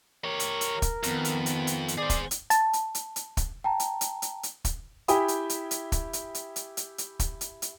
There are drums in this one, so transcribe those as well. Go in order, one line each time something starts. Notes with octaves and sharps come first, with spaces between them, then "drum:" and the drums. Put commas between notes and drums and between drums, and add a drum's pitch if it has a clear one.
G4 A#4 C#5
drum: hi-hat
drum: hi-hat
drum: kick, hi-hat
F2 D#3 B3, drum: hi-hat
drum: hi-hat
drum: hi-hat
drum: hi-hat
drum: hi-hat
G#4 C5 D5
drum: kick, hi-hat
drum: hi-hat
A5, drum: hi-hat
drum: hi-hat
drum: hi-hat
drum: hi-hat
drum: kick, hi-hat
G5 A5 A#5
drum: hi-hat
drum: hi-hat
drum: hi-hat
drum: hi-hat
drum: kick, hi-hat
E4 G4 G5 G#5 B5 D#6, drum: hi-hat
drum: hi-hat
drum: hi-hat
drum: hi-hat
drum: kick, hi-hat
drum: hi-hat
drum: hi-hat
drum: hi-hat
drum: hi-hat
drum: hi-hat
drum: kick, hi-hat
drum: hi-hat
drum: hi-hat